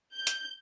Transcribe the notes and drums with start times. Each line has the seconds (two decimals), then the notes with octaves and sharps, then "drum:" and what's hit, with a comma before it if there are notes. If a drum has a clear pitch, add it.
0.14 G6
0.27 drum: hi-hat